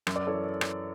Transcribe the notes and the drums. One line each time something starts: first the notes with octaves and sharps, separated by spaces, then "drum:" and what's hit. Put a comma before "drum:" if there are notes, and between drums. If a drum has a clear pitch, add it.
F#2, drum: rim click
D5
E3 A4 C#5
drum: rim click